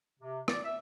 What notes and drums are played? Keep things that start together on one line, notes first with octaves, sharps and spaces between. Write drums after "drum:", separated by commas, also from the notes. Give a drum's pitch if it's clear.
C3
D5, drum: rim click
E5